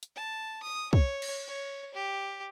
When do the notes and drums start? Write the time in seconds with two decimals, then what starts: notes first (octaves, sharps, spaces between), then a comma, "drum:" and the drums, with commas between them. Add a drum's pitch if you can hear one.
0.03 drum: hi-hat
0.16 A5
0.63 D#6
0.93 C#5, drum: kick
1.22 drum: cymbal
1.47 C#5
1.94 G4